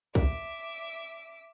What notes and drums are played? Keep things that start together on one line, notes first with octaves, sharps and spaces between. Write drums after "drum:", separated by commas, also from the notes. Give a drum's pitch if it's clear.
E5 D6, drum: kick